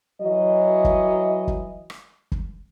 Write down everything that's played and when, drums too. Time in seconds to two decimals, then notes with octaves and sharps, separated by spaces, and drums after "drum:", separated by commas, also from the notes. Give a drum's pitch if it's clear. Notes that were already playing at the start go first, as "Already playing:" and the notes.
0.22 E3 F#3 D#5
0.85 drum: kick
1.48 drum: kick
1.90 drum: rim click
2.32 drum: kick